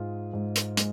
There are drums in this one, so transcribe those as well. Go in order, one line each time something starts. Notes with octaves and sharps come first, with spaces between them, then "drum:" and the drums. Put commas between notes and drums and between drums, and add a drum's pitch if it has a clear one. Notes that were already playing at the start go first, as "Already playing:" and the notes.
Already playing: G#2 G#3 F4
G#2
drum: hi-hat
G#3, drum: hi-hat